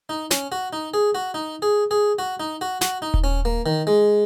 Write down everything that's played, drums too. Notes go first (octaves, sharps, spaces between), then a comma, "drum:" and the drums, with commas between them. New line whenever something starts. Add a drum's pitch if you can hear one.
D#4
C#4, drum: snare
F#4
D#4
G#4
F#4
D#4
G#4
G#4
F#4
D#4
F#4
F#4, drum: snare
D#4
drum: kick D#1
C#4
A#3
D#3
G#3